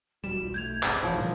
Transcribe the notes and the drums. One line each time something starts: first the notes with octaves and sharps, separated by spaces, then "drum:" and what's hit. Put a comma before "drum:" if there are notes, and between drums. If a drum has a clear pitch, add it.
E1 G3 F#4 E7
B1 F4
A3 G6 G#6 F7
F#1 C3 G#4, drum: clap
G#1 A2 E3 F3 C#5
A#1 A#2 D3 G3 A#4